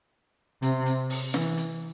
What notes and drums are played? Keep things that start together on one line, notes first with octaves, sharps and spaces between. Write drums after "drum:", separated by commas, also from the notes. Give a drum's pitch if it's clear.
C3, drum: hi-hat
drum: hi-hat
drum: open hi-hat
E3, drum: snare
drum: hi-hat